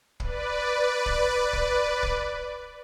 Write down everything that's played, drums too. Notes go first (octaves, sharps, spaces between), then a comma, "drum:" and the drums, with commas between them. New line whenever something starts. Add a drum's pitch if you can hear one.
B4 D5, drum: kick
drum: kick
drum: kick
drum: kick